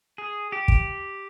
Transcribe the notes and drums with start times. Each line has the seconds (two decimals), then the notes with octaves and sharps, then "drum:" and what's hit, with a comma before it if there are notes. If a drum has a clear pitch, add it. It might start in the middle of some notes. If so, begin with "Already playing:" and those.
0.18 G#4
0.52 G4
0.68 drum: kick